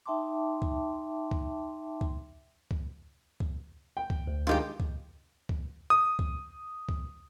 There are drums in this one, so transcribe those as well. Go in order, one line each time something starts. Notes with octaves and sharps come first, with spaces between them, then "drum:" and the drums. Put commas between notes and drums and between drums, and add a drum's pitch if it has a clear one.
D#4 E5 G5 A5 C6 D6
drum: kick C#2
drum: kick C#2
drum: kick C#2
drum: kick C#2
drum: kick C#2
G5
drum: kick C#2
D2
G2 D#3 G#3 F4 G4 G5
drum: kick C#2
drum: kick C#2
D#6
drum: kick C#2
drum: kick C#2